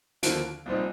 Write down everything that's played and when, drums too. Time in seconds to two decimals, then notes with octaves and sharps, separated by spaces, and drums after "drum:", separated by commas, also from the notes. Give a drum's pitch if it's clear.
0.23 D#2 D3 F3 A#3 D7, drum: hi-hat
0.66 C2 A#2 F3 C4 D#4